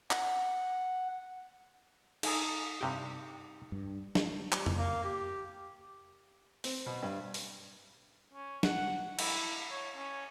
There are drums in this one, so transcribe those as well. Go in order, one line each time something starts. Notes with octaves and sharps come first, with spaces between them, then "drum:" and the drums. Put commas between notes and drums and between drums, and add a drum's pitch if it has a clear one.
F#5, drum: clap
D#4 G#4 A4 A#5 D#6, drum: cymbal
G2 C3 G4 G5
G2
drum: snare
G3, drum: clap
drum: tom F2
A#3
G4
C4, drum: open hi-hat
B2
G2
drum: open hi-hat
C#4
F#5, drum: snare
E4, drum: cymbal
C#5
C#4